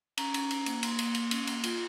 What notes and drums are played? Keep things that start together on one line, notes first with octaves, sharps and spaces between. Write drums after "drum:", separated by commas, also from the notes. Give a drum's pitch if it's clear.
C#4 A#5, drum: cymbal
C#4, drum: cymbal
C#4, drum: cymbal
A#3, drum: cymbal
A#3 C6, drum: cymbal
A#3, drum: cymbal
A#3, drum: cymbal
C#4, drum: cymbal
A#3, drum: cymbal
F4, drum: cymbal